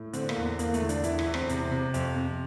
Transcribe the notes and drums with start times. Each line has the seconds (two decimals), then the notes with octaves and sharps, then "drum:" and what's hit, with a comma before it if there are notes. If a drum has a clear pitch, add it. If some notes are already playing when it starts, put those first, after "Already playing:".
Already playing: A2
0.13 D3 C4, drum: hi-hat
0.29 A#3, drum: rim click
0.36 E2
0.59 E2 A#3, drum: hi-hat
0.74 A3, drum: hi-hat
0.82 D3 E4
0.89 D4, drum: hi-hat
1.04 E2 E4, drum: hi-hat
1.19 E4, drum: rim click
1.26 E2
1.34 C4, drum: rim click
1.49 C3, drum: hi-hat
1.71 C3
1.94 F2, drum: hi-hat
2.16 C3